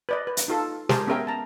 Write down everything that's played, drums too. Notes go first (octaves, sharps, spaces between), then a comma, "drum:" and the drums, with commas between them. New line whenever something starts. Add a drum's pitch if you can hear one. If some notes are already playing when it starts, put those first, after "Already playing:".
B4 D5 D#5
B4
drum: hi-hat
D#4 F4 A4
G#3 G4 G#4 A#4 C5 A5, drum: snare
B3 C#4 G#4 A#4 E5 G5
A5 A#5